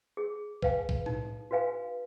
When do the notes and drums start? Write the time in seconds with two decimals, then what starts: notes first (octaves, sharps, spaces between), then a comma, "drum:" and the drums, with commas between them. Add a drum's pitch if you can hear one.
0.17 G#4
0.62 B4 F5 G#5, drum: kick B1
0.89 drum: kick B1
1.06 D#4, drum: tom A2
1.51 F#4 B4 F5 G#5